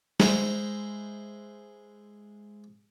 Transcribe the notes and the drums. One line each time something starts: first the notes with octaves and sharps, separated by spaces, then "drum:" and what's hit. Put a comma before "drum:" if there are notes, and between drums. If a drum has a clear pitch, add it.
G#3 E4 C5 A#5, drum: snare